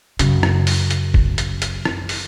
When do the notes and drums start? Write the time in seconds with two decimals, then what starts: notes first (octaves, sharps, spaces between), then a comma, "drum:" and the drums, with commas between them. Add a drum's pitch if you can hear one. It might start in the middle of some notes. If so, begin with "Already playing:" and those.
0.19 F#2 C#3, drum: hi-hat
0.43 drum: rim click
0.67 drum: open hi-hat
0.91 drum: hi-hat
1.14 drum: kick
1.38 drum: hi-hat
1.62 drum: hi-hat
1.85 drum: rim click
2.09 drum: open hi-hat